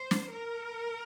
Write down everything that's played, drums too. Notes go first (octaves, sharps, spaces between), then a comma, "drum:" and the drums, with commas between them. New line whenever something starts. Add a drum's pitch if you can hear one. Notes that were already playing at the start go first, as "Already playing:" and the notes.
Already playing: C5
drum: snare
A#4